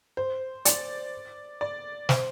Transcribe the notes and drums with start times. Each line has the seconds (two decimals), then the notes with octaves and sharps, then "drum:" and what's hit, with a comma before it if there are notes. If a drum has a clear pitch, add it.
0.17 C5
0.65 D5, drum: hi-hat
1.61 D5
2.09 C5, drum: snare